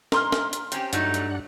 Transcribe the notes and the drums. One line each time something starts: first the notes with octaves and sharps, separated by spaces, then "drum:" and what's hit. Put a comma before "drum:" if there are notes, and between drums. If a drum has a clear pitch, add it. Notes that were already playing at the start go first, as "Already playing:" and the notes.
A#5 C6 F6, drum: snare
drum: snare
drum: hi-hat
C4 C#4 G4, drum: hi-hat
G2 F#3 A3 D4 D#4 F#5, drum: hi-hat
drum: hi-hat